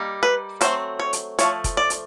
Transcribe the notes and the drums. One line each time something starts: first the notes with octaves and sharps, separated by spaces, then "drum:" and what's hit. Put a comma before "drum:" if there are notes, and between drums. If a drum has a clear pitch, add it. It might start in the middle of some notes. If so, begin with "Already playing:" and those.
Already playing: G3 A#3 D#4
B4
F#3 A3 C4 C5, drum: hi-hat
C#5
drum: hi-hat
F3 A3 C#5, drum: hi-hat
drum: kick F1, hi-hat
D5
drum: hi-hat